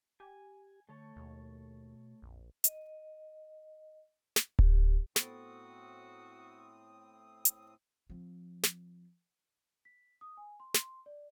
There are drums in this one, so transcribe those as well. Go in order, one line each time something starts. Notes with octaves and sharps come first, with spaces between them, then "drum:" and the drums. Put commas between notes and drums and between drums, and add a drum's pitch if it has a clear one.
G4 G#5
D3 A3 A4 C#5
D#2 B2
A#1 F2
D#5, drum: hi-hat
drum: snare
G4, drum: kick D1
A2 B3 C4 F#4 A4 C5 D#6, drum: snare
drum: hi-hat
F3 C4
drum: snare
B6
D#6
G#5
C6
C6, drum: snare
D5